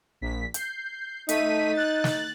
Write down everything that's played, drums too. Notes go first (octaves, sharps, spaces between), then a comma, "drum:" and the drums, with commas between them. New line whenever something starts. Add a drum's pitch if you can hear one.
A#1 B6
G6 C7, drum: hi-hat
A3 D#4 B6 D#7, drum: hi-hat
F#6 A6
drum: snare